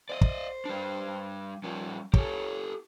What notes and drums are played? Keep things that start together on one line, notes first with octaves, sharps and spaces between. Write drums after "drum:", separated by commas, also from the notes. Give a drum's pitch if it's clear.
C5 D5 D#5
drum: kick
G3 D4
F3 G3 C#4
G4 A4 C#5, drum: kick